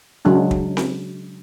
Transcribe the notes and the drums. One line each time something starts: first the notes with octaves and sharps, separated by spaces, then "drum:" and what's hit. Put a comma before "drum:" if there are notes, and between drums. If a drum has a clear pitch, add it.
C#3 F#3 G#3 D4
drum: kick
drum: snare C4